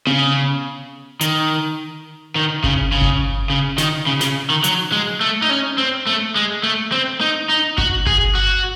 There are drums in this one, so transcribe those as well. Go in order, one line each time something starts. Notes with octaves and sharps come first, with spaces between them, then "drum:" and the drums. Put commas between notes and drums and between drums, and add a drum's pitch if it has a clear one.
C#3, drum: tom B3
D#3, drum: hi-hat
D#3
C#3, drum: kick G1
C#3
drum: kick G1
C#3
D#3, drum: snare
C#3
C#3, drum: snare
D#3
F#3, drum: hi-hat
G#3
A3
D#4
C#4
C4
A3
G#3
A3
C4
D#4
D#4
F#4, drum: kick G1
G#4, drum: kick G1
F#4